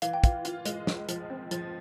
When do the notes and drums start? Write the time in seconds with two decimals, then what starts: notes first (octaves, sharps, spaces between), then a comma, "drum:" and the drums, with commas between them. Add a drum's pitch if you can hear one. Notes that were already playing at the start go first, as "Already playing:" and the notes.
0.02 E3 F5, drum: hi-hat
0.14 G5
0.24 F4 F5, drum: kick, hi-hat
0.45 F4, drum: hi-hat
0.65 G#3, drum: hi-hat
0.87 C#2, drum: snare
1.09 F3, drum: hi-hat
1.30 C4
1.51 F3, drum: hi-hat